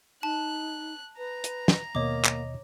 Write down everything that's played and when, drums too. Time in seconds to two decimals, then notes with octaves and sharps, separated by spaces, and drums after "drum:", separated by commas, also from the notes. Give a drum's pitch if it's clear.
0.23 D#4 A5 F#6
1.18 B4 A#5
1.44 drum: hi-hat
1.68 drum: snare
1.95 D#2 B2 A#3 C#5 D#5 D6
2.24 drum: clap